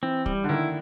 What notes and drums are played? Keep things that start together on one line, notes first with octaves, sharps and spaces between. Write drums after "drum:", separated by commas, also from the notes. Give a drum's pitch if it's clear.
E3 C4
G3, drum: kick
D3
D#3 E4